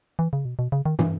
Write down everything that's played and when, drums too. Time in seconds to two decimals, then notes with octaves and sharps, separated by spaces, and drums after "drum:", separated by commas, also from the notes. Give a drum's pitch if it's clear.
0.19 E3
0.33 C#3
0.45 B2
0.59 B2
0.72 C#3
0.86 D#3
0.99 E3, drum: tom